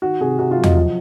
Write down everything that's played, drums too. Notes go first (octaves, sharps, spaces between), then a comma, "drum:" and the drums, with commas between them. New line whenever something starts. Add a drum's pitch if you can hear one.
D#3 F#4
C3 G#4
C3 F#4
F4
F#3
D#5, drum: tom E2
F3